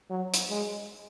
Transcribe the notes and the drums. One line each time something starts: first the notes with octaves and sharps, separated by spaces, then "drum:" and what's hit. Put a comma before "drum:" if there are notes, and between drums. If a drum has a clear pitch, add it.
F#3
drum: hi-hat
G#3